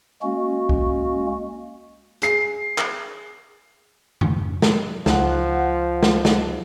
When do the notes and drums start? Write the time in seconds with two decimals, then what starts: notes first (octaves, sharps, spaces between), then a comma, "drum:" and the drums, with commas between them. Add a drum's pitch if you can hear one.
0.22 G#3 A#3 C#4 F#4
0.69 drum: kick C2
2.22 G#4 C7, drum: hi-hat
2.78 drum: clap
4.21 drum: tom F2
4.62 drum: snare
5.06 C#2 F3 F#5, drum: snare
6.03 drum: snare
6.25 drum: snare